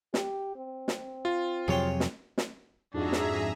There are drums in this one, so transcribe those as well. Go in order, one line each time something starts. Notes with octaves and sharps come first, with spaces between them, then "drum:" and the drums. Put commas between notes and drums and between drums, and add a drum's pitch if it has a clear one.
G4, drum: snare
C4
drum: snare
F4
F2 C3 F#3 G#4 C#5 G5
drum: snare
drum: snare
F2 G#2 D4 F#4 G#4 E5 A#5
drum: snare